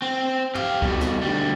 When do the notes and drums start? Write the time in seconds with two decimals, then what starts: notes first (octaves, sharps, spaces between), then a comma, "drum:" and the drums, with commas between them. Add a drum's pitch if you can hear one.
0.02 C4
0.55 G4 F5, drum: tom
0.82 B2 G3, drum: kick C#2
1.01 drum: snare
1.22 D2 G3